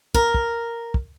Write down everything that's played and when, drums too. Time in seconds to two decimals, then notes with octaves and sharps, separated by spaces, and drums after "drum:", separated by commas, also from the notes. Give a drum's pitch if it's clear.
0.14 A#4, drum: kick
0.34 drum: kick
0.94 drum: kick